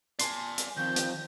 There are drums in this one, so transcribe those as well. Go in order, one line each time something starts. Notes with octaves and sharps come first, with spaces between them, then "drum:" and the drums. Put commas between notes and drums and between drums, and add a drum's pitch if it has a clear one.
D5 G#5 A5 C6 C7, drum: hi-hat
drum: hi-hat
D#3 F3 C4 G6
drum: hi-hat